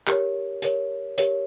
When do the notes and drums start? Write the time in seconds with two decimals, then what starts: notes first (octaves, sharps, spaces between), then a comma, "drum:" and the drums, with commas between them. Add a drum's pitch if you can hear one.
0.07 G4 A#4 C#5, drum: clap
0.62 G4 A#4 C#5, drum: hi-hat
1.18 G4 A#4 C#5, drum: hi-hat